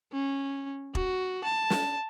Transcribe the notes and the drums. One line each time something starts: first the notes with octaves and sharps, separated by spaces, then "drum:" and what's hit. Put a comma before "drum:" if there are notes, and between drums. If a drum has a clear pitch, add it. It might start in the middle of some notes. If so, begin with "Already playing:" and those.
C#4
F#4, drum: kick
A5
drum: snare